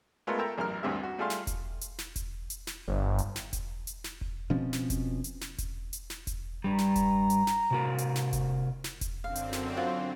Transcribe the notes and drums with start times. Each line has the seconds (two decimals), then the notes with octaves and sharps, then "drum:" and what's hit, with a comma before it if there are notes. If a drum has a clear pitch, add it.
0.27 G#3 A3 B3 F4 A4 A#4
0.38 A4 A#4 E5 G5 A5 A#5
0.58 A1 F#2 A#4 F6
0.83 A1 D2 G2 C4 G4 E5
1.03 F#4
1.18 G3 A3 F4 G#4 F5 C6
1.30 drum: snare
1.47 drum: kick E1, hi-hat
1.81 drum: hi-hat
1.98 drum: snare
2.16 drum: kick E1, hi-hat
2.50 drum: hi-hat
2.67 drum: snare
2.88 G1
3.18 drum: hi-hat
3.36 drum: snare
3.53 drum: kick E1, hi-hat
3.87 drum: hi-hat
4.04 drum: snare
4.21 drum: kick E1
4.50 B2 F3 C4 C#4
4.73 drum: snare
4.90 drum: kick E1, hi-hat
5.24 drum: hi-hat
5.41 drum: snare
5.58 drum: kick E1, hi-hat
5.93 drum: hi-hat
6.10 drum: snare
6.27 drum: kick E1, hi-hat
6.64 G2 G3 A#5
6.78 drum: snare
6.96 drum: kick E1, hi-hat
7.30 drum: hi-hat
7.47 drum: snare
7.71 C3 F#4 A#4
7.98 drum: hi-hat
8.16 drum: snare
8.33 drum: kick E1, hi-hat
8.84 drum: snare
9.01 drum: kick E1, hi-hat
9.24 F#2 D3 C4 F5
9.36 drum: hi-hat
9.53 drum: snare
9.77 F4 F#4 C5